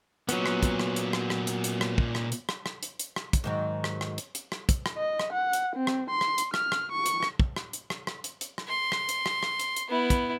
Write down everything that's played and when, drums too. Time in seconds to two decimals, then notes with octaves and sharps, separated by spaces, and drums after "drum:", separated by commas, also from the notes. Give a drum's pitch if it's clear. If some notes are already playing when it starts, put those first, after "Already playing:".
0.29 A#2 F#3 B3 C#4, drum: hi-hat
0.46 drum: rim click
0.63 drum: kick, hi-hat
0.79 drum: rim click
0.96 drum: hi-hat
1.13 drum: rim click
1.30 drum: rim click
1.47 drum: hi-hat
1.64 drum: hi-hat
1.81 drum: rim click
1.98 drum: kick
2.15 drum: rim click
2.32 drum: hi-hat
2.49 drum: rim click
2.66 drum: rim click
2.83 drum: hi-hat
2.99 drum: hi-hat
3.16 drum: rim click
3.33 drum: kick, hi-hat
3.44 G#2 D#3 F#3
3.84 drum: rim click
4.01 drum: rim click
4.18 drum: hi-hat
4.35 drum: hi-hat
4.52 drum: rim click
4.69 drum: kick, hi-hat
4.86 drum: rim click
4.98 D#5
5.20 drum: rim click
5.33 F#5
5.53 drum: hi-hat
5.76 C4
5.87 drum: rim click
6.10 C6
6.21 drum: rim click
6.38 drum: hi-hat
6.54 F6, drum: rim click
6.72 drum: rim click
6.92 C#6
7.06 drum: hi-hat
7.23 drum: rim click
7.40 drum: kick
7.56 drum: rim click
7.73 drum: hi-hat
7.90 drum: rim click
8.07 drum: rim click
8.24 drum: hi-hat
8.41 drum: hi-hat
8.58 drum: rim click
8.68 C6
8.92 drum: rim click
9.09 drum: hi-hat
9.26 drum: rim click
9.43 drum: rim click
9.60 drum: hi-hat
9.76 drum: hi-hat
9.89 B3 E4
10.10 drum: kick, hi-hat